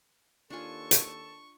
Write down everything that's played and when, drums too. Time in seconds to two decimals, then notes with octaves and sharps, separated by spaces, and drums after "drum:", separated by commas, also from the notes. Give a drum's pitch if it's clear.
0.50 D#2 D4 F4 A4 G#5 A5 C#6
0.91 drum: hi-hat